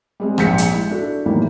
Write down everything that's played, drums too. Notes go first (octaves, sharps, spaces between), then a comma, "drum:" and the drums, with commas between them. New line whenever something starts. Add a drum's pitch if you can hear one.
G3 G#3 C4
A#1 G#2 G6 B6 C#7, drum: rim click
drum: hi-hat
G#3 E4
D4 F#4 A4
A2 D#3 E3 F#3 G3 A#3